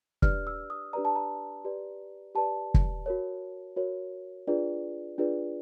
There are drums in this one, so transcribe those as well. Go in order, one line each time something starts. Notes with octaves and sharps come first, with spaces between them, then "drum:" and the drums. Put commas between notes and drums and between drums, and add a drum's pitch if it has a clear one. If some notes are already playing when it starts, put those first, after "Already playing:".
D4 G4 B4 D5 F6, drum: kick
E6
D#6
D4 G4 B4 D5 A#5
A5
A#5
G4 B4 D5
G4 B4 D5 A5
drum: kick
F#4 A#4 C#5
F#4 A#4 C#5
D4 F4 G#4 B4 D5
D4 F4 G#4 B4 D5